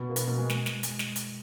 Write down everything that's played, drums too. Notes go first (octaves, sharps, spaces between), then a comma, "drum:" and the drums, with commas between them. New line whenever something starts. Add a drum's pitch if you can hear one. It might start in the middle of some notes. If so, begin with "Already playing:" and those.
Already playing: B2 B3
A#3
B2 B3, drum: hi-hat
B2 B3
G#3
G#3, drum: snare
drum: snare
G#3, drum: hi-hat
drum: snare
drum: hi-hat